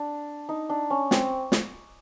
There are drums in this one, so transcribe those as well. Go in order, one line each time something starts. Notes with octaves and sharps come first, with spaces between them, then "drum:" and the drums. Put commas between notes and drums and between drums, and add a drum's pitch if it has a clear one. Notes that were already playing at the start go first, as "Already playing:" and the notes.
Already playing: D4
D#4
D4
C#4
C4, drum: snare
drum: snare